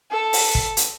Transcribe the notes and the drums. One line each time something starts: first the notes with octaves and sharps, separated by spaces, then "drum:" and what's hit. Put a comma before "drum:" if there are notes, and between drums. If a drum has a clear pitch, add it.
A4
drum: open hi-hat
drum: kick
drum: hi-hat